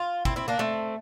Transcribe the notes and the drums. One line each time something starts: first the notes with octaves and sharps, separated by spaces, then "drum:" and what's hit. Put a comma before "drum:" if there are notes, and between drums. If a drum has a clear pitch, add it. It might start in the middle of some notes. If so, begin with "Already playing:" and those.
Already playing: F4
C4 E4, drum: kick
C4 E4
A#3 D4
A3 C4